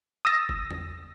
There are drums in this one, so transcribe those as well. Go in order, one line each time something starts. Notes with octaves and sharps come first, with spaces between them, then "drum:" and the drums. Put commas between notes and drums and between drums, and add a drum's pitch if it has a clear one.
D#6 E6 A6 A#6
drum: kick F#1
drum: tom E2